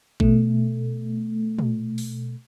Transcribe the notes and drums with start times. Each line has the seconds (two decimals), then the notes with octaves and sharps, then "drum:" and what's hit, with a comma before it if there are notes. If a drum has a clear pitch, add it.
0.20 B2 A3, drum: kick A1
1.59 drum: tom A#2
1.98 drum: open hi-hat